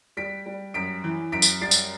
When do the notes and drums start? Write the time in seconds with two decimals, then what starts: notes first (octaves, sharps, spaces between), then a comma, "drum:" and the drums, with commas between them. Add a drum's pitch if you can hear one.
0.17 G3 B6 D7
0.46 G3
0.74 F#2 B6 D7
1.04 E3
1.32 F#2 B6 D7
1.42 drum: tambourine
1.61 G3 A6 C7
1.71 drum: tambourine